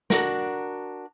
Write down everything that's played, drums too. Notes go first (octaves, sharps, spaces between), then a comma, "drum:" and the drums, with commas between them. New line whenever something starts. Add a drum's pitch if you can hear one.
D4 F#4 A#4, drum: snare